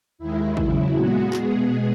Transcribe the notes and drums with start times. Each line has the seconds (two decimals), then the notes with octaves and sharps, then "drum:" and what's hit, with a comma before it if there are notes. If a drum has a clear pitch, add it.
0.18 D#2 D#3 G#3 E4
0.57 E2 C#3 F#3, drum: kick
0.95 A#2 G#3 B3 F#4
1.33 B2 G#3 B3 G#4, drum: clap